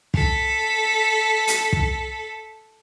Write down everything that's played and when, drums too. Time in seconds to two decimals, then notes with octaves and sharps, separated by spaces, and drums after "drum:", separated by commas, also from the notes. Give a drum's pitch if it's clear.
0.14 A4 B6, drum: kick
1.47 drum: hi-hat
1.73 drum: kick